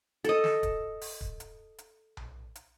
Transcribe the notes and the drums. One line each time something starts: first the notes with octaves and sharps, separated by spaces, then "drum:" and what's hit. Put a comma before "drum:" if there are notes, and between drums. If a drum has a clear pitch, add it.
A4 D#5, drum: hi-hat
drum: snare
drum: kick, hi-hat
drum: open hi-hat
drum: kick
drum: hi-hat
drum: hi-hat
drum: tom B1
drum: hi-hat